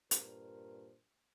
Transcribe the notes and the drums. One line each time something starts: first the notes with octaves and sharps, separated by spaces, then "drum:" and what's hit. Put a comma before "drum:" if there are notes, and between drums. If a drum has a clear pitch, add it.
G2 A#2 A#4 C5, drum: hi-hat